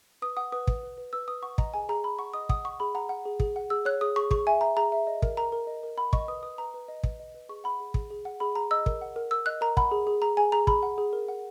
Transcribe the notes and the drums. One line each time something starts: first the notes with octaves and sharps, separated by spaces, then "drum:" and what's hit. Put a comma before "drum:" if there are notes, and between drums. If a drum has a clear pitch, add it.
B4 D#6
F#5 D#6
B4 D#6
B4, drum: kick
B4
B4
B4 E6
B4 D#6
F#5 C#6
D#5 A#5, drum: kick
G#4 G#5
G#4 A#5
G#4 B5
F#5 C#6
D#5 D#6
F#5 D#6, drum: kick
F#5 C#6
G#4 B5
F#5 A#5
F#5
G#4
G#4, drum: kick
F#5
G#4 E6
C#5 F#6
G#4 D#6
G#4 C#6
G#4 C#6, drum: kick
E5 G#5
E5 A#5
G#4 A#5
E5
D#5
A#4, drum: kick
A#4 A#5
A#4
D#5
A#4
F#5 B5
D#5 C#6, drum: kick
B4 D#6
B4 D#6
B4 A#5
B4
D#5
B4, drum: kick
D#5
B4
G#4 C#6
F#5 B5
G#4
G#4, drum: kick
G#4
F#5
G#4 B5
G#4 A#5
D#5 E6
A#4, drum: kick
F#5
A#4
A#4 E6
D#5 F#6
A#4 A#5
F#5 B5, drum: kick
G#4
G#4
G#4 A#5
G#4 G#5
G#4 A#5
G#4 B5, drum: kick
F#5
G#4
A#4
F#5